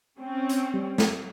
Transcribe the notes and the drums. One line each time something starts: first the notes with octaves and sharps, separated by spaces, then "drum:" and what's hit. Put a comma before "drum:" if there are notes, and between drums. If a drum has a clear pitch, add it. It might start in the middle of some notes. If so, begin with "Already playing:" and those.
C4 C#4
drum: hi-hat
G3
drum: snare